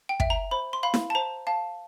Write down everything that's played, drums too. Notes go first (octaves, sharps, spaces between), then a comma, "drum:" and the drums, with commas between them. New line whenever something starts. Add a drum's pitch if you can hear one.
G5
E5 G5, drum: kick
A#5
C5 B5
C6
F5 B5
drum: snare E4
A5
C5 A#5
F5 A5